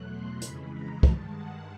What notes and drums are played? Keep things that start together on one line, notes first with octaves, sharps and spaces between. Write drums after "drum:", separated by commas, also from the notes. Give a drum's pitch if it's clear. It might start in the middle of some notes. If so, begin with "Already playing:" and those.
Already playing: E2 B2 F#3 A3 F#6
C6
F2 C#3 E3 G#3 B5, drum: hi-hat
A#5
G2 D#3 G#3 A5, drum: kick
F#5